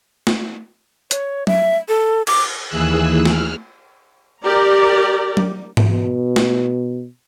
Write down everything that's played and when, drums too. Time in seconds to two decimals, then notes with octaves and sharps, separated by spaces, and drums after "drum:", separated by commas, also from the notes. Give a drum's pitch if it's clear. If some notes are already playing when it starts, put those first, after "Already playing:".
0.27 drum: snare
1.11 C#5, drum: hi-hat
1.47 E5, drum: tom
1.89 A4
2.27 D6, drum: cymbal
2.68 D#2 E3 G#4 E6 F#6
3.25 F6, drum: snare
4.43 G4 A#4 D5 A#5
5.37 drum: tom
5.77 drum: tom G#2
5.87 B2
6.36 drum: snare